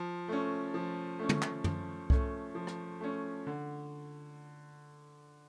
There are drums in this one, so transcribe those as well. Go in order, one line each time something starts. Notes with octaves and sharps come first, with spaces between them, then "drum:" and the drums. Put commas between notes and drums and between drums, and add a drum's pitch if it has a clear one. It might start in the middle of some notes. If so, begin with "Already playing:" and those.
Already playing: F3
A3 C#4
F3
A3 C#4
drum: tom
drum: clap
F3, drum: tom F#2
A3 C#4, drum: kick C2
F3
drum: rim click
A3 C#4
D3